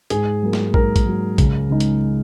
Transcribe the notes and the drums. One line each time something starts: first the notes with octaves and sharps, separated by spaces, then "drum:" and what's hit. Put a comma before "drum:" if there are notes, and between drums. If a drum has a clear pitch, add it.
G#2 G#4, drum: hi-hat
F#3 A#3
drum: snare
G#2 A#4, drum: kick
drum: kick, hi-hat
F#3 A#3
C#2, drum: kick, hi-hat
C#3 G#3 D#4
drum: hi-hat